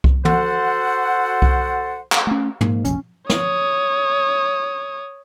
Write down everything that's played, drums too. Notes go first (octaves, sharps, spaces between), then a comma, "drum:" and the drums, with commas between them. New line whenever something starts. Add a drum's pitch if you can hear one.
drum: kick C2
F#4 A4 C5 F#5, drum: tom
drum: kick C2
drum: clap
A3 C#4
G#2 A#3, drum: tom
F1 A#1 C#4, drum: hi-hat
C#5 D#6, drum: snare